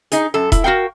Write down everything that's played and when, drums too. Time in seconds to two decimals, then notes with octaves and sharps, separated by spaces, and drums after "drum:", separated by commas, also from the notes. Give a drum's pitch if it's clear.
0.12 D#4 G#4, drum: hi-hat
0.34 F#2 A4
0.52 E4, drum: kick E1, hi-hat
0.64 F#4 A#4 F5 G5